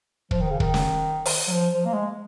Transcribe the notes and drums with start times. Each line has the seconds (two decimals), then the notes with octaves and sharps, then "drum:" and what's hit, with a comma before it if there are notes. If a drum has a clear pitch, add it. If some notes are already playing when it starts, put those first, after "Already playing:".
0.31 F3, drum: kick
0.41 D#3
0.50 C#3
0.60 D#3, drum: kick
0.74 drum: snare
1.26 drum: open hi-hat
1.47 F#3
1.52 F3
1.73 F3
1.85 A#3
1.93 G#3